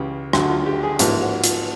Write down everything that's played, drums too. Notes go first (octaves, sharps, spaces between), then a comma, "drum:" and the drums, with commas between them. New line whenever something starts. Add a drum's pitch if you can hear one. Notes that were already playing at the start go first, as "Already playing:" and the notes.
Already playing: C#2 C#3 E3 G4
D2 D3 F#3 F#4, drum: rim click
F4
G4
G#4
A1 G#2 F3 A#3 G4, drum: hi-hat
F#4
F4, drum: hi-hat